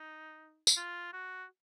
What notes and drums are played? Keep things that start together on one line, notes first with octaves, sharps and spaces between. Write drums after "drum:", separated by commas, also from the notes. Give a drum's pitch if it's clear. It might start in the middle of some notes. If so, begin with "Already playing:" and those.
Already playing: D#4
drum: tambourine
F4
F#4